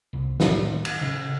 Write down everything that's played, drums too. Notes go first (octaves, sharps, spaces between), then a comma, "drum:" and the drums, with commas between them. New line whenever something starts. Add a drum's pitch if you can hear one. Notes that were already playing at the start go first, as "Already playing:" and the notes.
C2
A2 D#3 G3 A#3, drum: snare
drum: cymbal
C#3